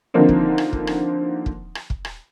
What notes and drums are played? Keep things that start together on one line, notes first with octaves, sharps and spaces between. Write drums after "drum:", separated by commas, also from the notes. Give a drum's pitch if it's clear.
D3 D#3 F3 A#3 C4 D#4
drum: kick
drum: rim click
drum: kick
drum: rim click
drum: kick
drum: rim click
drum: kick
drum: rim click